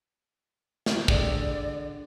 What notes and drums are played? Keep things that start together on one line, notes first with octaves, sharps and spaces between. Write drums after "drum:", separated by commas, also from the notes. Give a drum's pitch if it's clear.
drum: snare
D3 G4 G#4 D5, drum: kick